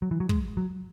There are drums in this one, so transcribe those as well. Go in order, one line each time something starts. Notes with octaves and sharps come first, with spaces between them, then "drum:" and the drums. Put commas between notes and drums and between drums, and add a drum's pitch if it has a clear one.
F#3
E3
F#3
G#3, drum: kick
F#3